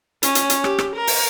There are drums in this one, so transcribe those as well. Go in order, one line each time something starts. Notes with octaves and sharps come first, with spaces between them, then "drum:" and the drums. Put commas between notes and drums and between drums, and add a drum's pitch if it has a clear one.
C#4, drum: hi-hat
drum: hi-hat
drum: hi-hat
G4, drum: rim click
drum: rim click
A#4
drum: open hi-hat